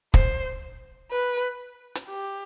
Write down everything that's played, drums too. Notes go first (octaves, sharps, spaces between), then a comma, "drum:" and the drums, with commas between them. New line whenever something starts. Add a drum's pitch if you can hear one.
C5, drum: kick
B4
drum: hi-hat
G4